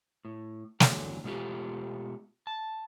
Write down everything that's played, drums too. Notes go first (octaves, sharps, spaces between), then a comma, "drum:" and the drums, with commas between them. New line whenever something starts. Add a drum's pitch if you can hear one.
A2
E2 G2 D3 F#3, drum: snare
B2 G#3 A3 F4 G4
A5